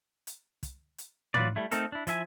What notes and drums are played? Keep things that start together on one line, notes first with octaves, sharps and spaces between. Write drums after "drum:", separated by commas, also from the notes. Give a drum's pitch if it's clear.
drum: hi-hat
drum: kick, hi-hat
drum: hi-hat
E3 F#3 F4 B4 D5, drum: tom
G3 A3 E4
A3 C4 D#4 A4 A#4, drum: hi-hat
D4 E4
F3 E4 E5 G#5, drum: hi-hat